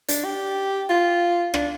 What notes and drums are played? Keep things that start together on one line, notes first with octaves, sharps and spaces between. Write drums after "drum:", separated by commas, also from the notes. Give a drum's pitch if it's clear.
D4, drum: hi-hat
G4
F4
D4, drum: rim click